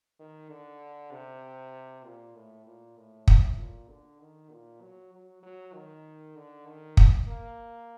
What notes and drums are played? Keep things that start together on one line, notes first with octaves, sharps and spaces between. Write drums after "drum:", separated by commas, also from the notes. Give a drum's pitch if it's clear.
D#3
D3
C3
A#2
A2
A#2
A2
drum: kick
A#2
D3
D#3
A#2
F#3
F#3
F#3
D#3
D3
D#3
drum: kick
A#3